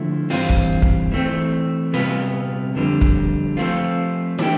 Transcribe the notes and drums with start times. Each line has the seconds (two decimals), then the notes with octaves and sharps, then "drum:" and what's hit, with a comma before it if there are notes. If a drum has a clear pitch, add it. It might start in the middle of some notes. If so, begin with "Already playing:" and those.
Already playing: D3 F3 A3 E4
0.30 G2 E3 G3 C4 F4, drum: open hi-hat
0.50 drum: kick
0.82 drum: kick
1.12 E3 A3 C4
1.94 C3 G3 B3 F4 B4, drum: hi-hat
2.75 F2 D3 G3
3.01 drum: kick
3.57 F3 A3 C4 F4
4.39 E3 A3 D4 G4, drum: snare